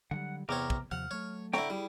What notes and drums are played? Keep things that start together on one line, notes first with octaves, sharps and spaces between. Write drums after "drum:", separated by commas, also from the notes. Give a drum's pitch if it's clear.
D3 F#3 G3 F#5
E2 C3 C4 C#5 A#5 D6 F6
drum: kick
D#2 C3 F3 F#5 F6
F#3 A3 C#5
D3 E4 G5 A#5 C#6, drum: snare
G3 E4 G#4